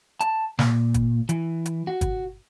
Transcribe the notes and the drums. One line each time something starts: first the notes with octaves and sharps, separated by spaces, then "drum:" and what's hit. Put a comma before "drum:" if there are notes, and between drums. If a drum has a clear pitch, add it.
A5, drum: hi-hat
A#2, drum: snare
drum: kick G1, hi-hat
E3, drum: hi-hat
drum: hi-hat
F#4
drum: kick G1, hi-hat